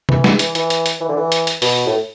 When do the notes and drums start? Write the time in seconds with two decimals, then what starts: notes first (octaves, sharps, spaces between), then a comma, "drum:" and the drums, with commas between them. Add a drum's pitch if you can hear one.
0.09 E3, drum: tom
0.24 drum: snare
0.39 E3, drum: hi-hat
0.55 E3, drum: hi-hat
0.70 drum: hi-hat
0.86 drum: hi-hat
1.01 E3
1.09 D3
1.17 E3
1.32 drum: hi-hat
1.47 drum: hi-hat
1.62 B2, drum: open hi-hat
1.86 A2